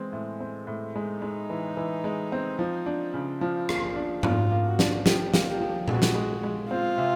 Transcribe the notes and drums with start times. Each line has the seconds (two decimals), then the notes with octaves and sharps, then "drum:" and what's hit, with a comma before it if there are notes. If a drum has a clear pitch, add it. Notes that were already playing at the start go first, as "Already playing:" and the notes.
Already playing: E3 G#3 C4
0.13 A2
0.40 C4
0.67 A2
0.95 G#3 D#4
1.22 G#3
1.50 E3
1.77 E3
2.04 G#3
2.32 C4
2.59 F3
2.86 D4
3.14 C#3
3.41 F3
3.69 A#3, drum: rim click
3.96 D4
4.23 D4 F4, drum: tom G#2
4.52 A#3
4.65 F#4
4.79 D4, drum: snare
5.06 F3 G4, drum: snare
5.34 A#3, drum: snare
5.47 G4
5.60 F3
5.88 G#3 F#4, drum: tom A#2
6.02 drum: snare
6.15 G#3
6.43 G#3
6.70 C4 F4
6.98 C3